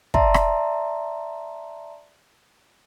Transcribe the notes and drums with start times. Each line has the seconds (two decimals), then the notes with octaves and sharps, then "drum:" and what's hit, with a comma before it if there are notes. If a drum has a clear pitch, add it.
0.14 D5 E5 A5 A#5 C6, drum: kick
0.34 drum: rim click